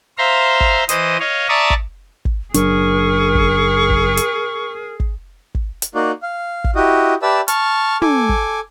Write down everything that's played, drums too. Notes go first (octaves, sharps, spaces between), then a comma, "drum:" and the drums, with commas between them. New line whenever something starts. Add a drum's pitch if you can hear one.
C5 E5 F5 A#5 C6
drum: kick
E3 C5 D#5 D#6, drum: hi-hat
C#5 D#5 F5
D5 E5 A5 A#5 C#6 D#6
drum: kick
drum: kick
F#1 F#3 D4 G#4 A#4 C#6, drum: hi-hat
drum: kick
drum: kick
drum: hi-hat
drum: kick
drum: kick
drum: hi-hat
A#3 D#4 F#4 D5
F5
drum: kick
E4 F#4 G4 D#5
G4 B4 D5 E5 A5 E6
A5 C#6 F6, drum: hi-hat
A4 G#5 D6, drum: tom
drum: kick